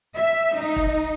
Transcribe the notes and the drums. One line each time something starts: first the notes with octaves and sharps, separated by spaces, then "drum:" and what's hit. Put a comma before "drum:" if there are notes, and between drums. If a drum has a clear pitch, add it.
E5
D#4
drum: kick, hi-hat
drum: hi-hat